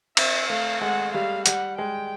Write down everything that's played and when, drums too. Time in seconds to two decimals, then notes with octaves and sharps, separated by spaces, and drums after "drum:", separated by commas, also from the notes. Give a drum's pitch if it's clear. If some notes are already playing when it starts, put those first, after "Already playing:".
0.17 C4 E5, drum: cymbal
0.49 A3 F5
0.81 G#3 F#5
1.14 G3 F5
1.46 G3 F#5, drum: hi-hat
1.78 G#3 G5